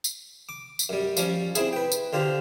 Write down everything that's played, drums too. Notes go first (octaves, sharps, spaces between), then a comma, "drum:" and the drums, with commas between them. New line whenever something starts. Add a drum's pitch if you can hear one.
drum: tambourine
D6
drum: tambourine
F#2 G3
F3 G3 C#4, drum: tambourine
C4 E4 G#4, drum: tambourine
B4 G5
drum: tambourine
D3 F4 G4 C5